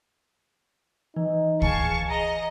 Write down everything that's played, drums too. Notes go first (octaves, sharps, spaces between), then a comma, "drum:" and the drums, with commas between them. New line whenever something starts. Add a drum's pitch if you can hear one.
E3 D#4
G#4 F5 G#5 A5 C#6, drum: kick C#2
D#5 A#5